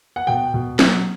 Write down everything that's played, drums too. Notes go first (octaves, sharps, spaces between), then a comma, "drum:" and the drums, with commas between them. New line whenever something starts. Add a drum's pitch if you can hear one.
F#5
B2 G5
B2
F#3, drum: snare